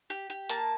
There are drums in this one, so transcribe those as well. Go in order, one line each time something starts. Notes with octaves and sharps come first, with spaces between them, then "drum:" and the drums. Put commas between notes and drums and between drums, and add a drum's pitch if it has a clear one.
G4
G4
A#3 A5, drum: hi-hat